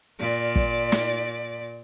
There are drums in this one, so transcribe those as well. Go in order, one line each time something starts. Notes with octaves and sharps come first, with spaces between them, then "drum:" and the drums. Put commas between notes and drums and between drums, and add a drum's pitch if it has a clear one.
A#2 D5
drum: kick
drum: snare